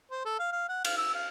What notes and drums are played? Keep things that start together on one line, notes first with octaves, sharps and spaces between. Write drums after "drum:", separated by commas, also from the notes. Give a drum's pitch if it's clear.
C5
A4
F5
F5
F#5
F5, drum: cymbal
E6
F5